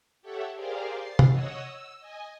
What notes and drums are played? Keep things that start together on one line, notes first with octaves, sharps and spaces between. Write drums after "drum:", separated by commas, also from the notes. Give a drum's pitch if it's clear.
G4 A4 C#5 E5 F#5
G4 G#4 A#4 C5 D5 F5
A6 C7
drum: tom
C#5 D#5 F#5 D#6 E6
E6
D#5 G#5